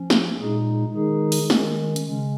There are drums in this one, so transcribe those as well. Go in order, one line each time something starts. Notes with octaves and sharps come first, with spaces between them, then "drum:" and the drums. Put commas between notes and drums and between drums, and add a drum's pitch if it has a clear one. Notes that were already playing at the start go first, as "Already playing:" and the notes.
Already playing: F3 C#4
drum: snare
A#2 G#3 D#4 G#4
D#3 G#3 D#4 G#4
drum: open hi-hat
D#3 G#3 C#4, drum: snare
drum: hi-hat
C#3 G#3 C#4